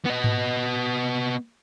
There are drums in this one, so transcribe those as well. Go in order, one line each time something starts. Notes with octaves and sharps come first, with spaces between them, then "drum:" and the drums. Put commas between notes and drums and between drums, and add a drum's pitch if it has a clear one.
B3 D#5
drum: tom G#2